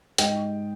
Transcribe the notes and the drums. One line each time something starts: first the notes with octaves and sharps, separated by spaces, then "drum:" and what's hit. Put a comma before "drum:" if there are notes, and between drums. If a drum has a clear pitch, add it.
G#2 D#5 G5, drum: hi-hat